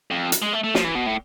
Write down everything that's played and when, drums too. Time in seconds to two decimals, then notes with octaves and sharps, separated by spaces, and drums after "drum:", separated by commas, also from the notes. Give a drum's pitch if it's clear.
0.11 F2
0.32 drum: hi-hat
0.42 G#3
0.53 A3
0.64 A3
0.75 F3, drum: snare
0.84 E3
0.95 B2
1.06 A2